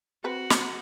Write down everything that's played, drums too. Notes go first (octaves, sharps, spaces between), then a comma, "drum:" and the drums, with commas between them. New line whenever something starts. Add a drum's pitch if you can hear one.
C4 F#4 B4
drum: snare